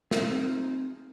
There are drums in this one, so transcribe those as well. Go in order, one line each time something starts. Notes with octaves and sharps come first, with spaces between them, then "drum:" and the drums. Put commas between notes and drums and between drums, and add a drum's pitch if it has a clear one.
C4 D#4 F4 G#4, drum: snare